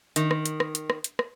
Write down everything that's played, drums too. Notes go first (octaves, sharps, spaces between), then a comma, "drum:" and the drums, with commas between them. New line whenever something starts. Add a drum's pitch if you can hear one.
D#3, drum: hi-hat
drum: rim click
drum: hi-hat
drum: rim click
drum: hi-hat
drum: rim click
drum: hi-hat
drum: rim click